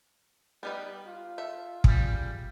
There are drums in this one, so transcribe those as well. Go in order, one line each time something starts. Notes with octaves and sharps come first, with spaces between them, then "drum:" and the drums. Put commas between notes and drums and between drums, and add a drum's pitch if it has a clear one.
G3 B3 D#4 B4
F4
A4 E5
C#3 G3, drum: kick